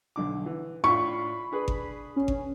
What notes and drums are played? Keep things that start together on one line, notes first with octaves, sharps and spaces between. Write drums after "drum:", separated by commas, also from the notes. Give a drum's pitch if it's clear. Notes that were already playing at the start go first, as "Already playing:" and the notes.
B1 D3 D6
E3
A2 D4 F4 B5 C#6
D4 G#4 B4
drum: kick G#1
C#4
drum: kick G#1